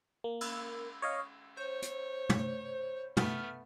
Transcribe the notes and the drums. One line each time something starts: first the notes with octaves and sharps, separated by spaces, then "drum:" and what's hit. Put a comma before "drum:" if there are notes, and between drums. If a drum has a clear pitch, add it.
A#3
drum: cymbal
C#5 D#5 F5
C5 C#5
drum: hi-hat
drum: tom
A3 B3 F6, drum: tom